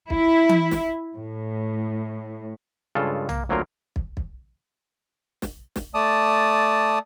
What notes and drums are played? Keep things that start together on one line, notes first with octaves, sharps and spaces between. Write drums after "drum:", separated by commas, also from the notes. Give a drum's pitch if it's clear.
E4, drum: kick
drum: tom E3
drum: snare
A2
G2 C#3 G#3 F4 A4
A#3, drum: tom
D2 F#3 A#3 C4 F4 A#4
drum: kick
drum: kick
drum: snare
drum: snare
A3 D5 A5 D#6